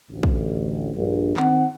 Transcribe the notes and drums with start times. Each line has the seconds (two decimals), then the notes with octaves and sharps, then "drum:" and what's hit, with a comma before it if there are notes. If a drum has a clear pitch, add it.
0.11 A1 D2
0.23 drum: kick
0.95 A#1 G2
1.37 D#3 C4 F#5, drum: clap